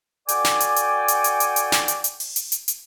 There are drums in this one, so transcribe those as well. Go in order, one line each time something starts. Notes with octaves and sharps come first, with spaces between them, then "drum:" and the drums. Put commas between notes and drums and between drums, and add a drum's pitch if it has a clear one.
F#4 A4 D5 G5 G#5 D6, drum: hi-hat
drum: snare
drum: hi-hat
drum: hi-hat
drum: hi-hat
drum: hi-hat
drum: hi-hat
drum: hi-hat
drum: snare
drum: hi-hat
drum: hi-hat
drum: open hi-hat
drum: hi-hat
drum: hi-hat
drum: hi-hat